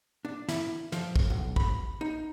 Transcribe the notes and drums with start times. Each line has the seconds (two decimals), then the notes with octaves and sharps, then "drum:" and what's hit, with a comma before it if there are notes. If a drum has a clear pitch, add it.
0.25 D4
0.49 E4, drum: snare
0.92 F3, drum: snare
1.16 drum: kick
1.30 B1
1.56 B5, drum: kick
2.01 D#4